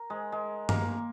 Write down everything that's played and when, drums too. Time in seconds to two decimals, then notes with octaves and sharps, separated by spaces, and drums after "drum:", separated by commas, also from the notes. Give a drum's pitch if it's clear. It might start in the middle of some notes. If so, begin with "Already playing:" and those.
Already playing: A#4
0.10 G#3
0.32 G#3
0.69 A#3, drum: tom